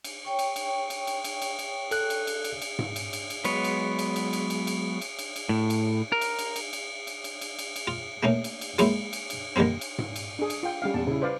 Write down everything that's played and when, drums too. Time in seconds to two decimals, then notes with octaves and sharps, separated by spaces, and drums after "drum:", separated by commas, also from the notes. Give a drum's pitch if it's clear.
0.04 drum: cymbal
0.25 C#5 G5 C#6
0.39 drum: cymbal
0.56 drum: cymbal
0.90 drum: cymbal
1.07 drum: cymbal
1.24 drum: cymbal
1.42 drum: cymbal
1.59 drum: cymbal
1.91 A4 F#6, drum: cymbal
2.10 drum: cymbal
2.27 drum: cymbal
2.44 drum: cymbal
2.61 drum: cymbal
2.79 drum: tom G#2
2.96 drum: cymbal
3.13 drum: cymbal
3.30 drum: cymbal
3.44 F#3 G#3 B3 B4 C#5, drum: cymbal
3.64 drum: cymbal
3.99 drum: cymbal
4.16 drum: cymbal
4.33 drum: cymbal
4.50 drum: cymbal
4.67 drum: cymbal
5.01 drum: cymbal
5.19 drum: cymbal
5.36 drum: cymbal
5.49 A2
5.70 drum: cymbal
6.12 A#4
6.21 drum: cymbal
6.39 drum: cymbal
6.56 drum: cymbal
6.73 drum: cymbal
7.07 drum: cymbal
7.24 drum: cymbal
7.41 drum: cymbal
7.59 drum: cymbal
7.76 drum: cymbal
7.87 F4
8.23 A3 A#3 C#4 D#4
8.44 drum: cymbal
8.61 drum: cymbal
8.78 F#3 G#3 A#3 D#4 E4, drum: cymbal
9.13 drum: cymbal
9.30 drum: cymbal
9.56 D3 D#3 G3 A#3 C4
9.81 drum: cymbal
9.98 drum: tom G#2
10.16 drum: cymbal
10.39 D4 G#4
10.50 drum: cymbal
10.63 F4 G5
10.82 G3 C#4 F5
10.94 E2 A5
11.07 C#3 E4
11.22 B4 C5 D5 F5